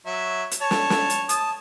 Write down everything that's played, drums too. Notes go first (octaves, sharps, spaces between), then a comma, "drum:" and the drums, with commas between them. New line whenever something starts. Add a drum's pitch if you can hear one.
F#3 E5
drum: hi-hat
C#5 A5
drum: snare
drum: snare
drum: hi-hat
A5 D#6, drum: hi-hat